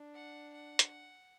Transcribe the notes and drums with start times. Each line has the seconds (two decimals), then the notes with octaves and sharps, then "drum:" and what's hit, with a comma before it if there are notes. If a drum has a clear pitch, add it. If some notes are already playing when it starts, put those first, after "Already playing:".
Already playing: D4
0.15 F#5
0.54 F#5
0.79 drum: hi-hat